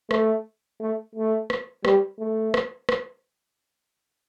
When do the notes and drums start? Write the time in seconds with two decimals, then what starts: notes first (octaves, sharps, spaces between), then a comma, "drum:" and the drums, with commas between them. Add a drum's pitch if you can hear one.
0.11 A3, drum: rim click
0.80 A3
1.15 A3
1.50 drum: rim click
1.85 G3, drum: rim click
2.20 A3
2.54 drum: rim click
2.89 drum: rim click